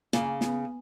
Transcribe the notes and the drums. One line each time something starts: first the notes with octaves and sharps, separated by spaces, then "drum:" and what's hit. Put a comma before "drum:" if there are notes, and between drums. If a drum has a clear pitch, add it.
C#3 A#3, drum: snare
B3, drum: snare